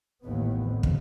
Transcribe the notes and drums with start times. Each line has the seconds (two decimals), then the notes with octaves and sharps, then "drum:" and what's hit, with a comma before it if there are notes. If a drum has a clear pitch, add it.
0.23 A1 D#2 A2 B3
0.64 F2
0.83 drum: kick